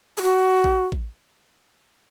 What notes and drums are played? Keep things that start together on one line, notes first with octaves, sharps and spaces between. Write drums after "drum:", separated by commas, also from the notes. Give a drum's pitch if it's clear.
G#4
F#4
drum: kick A1
drum: kick A1